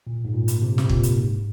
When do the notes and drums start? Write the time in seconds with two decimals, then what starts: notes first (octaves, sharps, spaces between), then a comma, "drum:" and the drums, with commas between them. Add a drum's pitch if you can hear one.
0.07 A#2
0.25 G#2
0.34 A#2
0.48 drum: hi-hat
0.62 C3
0.78 C3, drum: snare
0.89 A#2, drum: kick
1.03 drum: hi-hat
1.17 G#2